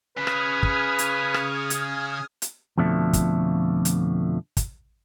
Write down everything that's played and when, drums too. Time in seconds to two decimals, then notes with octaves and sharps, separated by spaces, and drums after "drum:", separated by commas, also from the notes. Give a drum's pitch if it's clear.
0.17 C#3 B4 D#6 F6 G#6
0.27 drum: rim click
0.63 drum: kick
0.99 drum: hi-hat
1.34 drum: rim click
1.70 drum: hi-hat
2.42 drum: hi-hat
2.78 F2 B2 D3 F3 A3
3.13 drum: kick, hi-hat
3.85 drum: hi-hat
4.57 drum: kick, hi-hat